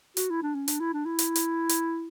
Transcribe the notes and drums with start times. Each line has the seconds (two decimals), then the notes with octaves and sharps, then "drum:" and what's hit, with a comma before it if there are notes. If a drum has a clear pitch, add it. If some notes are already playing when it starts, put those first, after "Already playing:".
0.17 F#4, drum: hi-hat
0.30 E4
0.43 D4
0.55 C#4
0.68 D4, drum: hi-hat
0.80 E4
0.94 D4
1.05 E4
1.19 drum: hi-hat
1.36 drum: hi-hat
1.69 drum: hi-hat